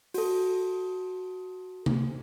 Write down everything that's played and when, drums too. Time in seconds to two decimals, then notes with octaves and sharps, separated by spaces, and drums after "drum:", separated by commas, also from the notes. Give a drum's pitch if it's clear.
0.14 F#4 A4, drum: open hi-hat
1.86 drum: tom C3